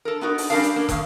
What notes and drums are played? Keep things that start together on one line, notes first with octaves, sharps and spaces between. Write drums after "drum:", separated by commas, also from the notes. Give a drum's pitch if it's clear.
A4 A#4
B3 D#4 F#4 A#4
drum: open hi-hat
G3 C#4 D4 A4 A#4 F5
drum: hi-hat
A#3
G2 D#3 F5, drum: kick, hi-hat